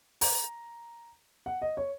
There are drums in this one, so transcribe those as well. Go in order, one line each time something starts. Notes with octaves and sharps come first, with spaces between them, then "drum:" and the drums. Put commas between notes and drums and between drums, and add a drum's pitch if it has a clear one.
A#5, drum: open hi-hat
F#5
D#5
C#5